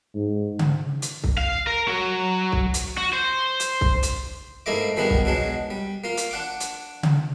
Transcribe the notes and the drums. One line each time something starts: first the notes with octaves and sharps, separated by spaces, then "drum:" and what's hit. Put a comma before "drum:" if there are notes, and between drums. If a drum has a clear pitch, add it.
G#2
drum: tom C#3
drum: hi-hat
drum: kick C2
F5
A#4
F#3
drum: kick C2
drum: hi-hat
F#4
C5
drum: hi-hat
drum: kick C2
drum: hi-hat
G#2 A3 A#3 E4 D#5 D6
A#2 D#3 G3 G#3 B3 D4
drum: kick C2
B2 F#3 G#3 D4
G3
A#3 F4
drum: hi-hat
D4 F#5 D6
drum: hi-hat
drum: tom C#3